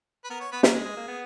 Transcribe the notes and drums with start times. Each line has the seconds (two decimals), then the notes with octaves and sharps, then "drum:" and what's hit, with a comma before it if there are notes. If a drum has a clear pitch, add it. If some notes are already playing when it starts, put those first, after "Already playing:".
0.24 B4
0.30 B3 A#4
0.41 C#5
0.52 B3 B4
0.63 A#4, drum: snare
0.74 G#3 G#4
0.85 G#3
0.97 A#3
1.08 B3